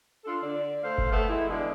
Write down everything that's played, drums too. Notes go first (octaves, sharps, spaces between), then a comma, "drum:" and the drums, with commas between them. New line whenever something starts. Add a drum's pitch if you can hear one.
D4 F4 A4
D3 D5
A3 C5 F5
drum: kick F#1
A3 B3
E3 G#3 E4
B2 D3 E3 G#3 E4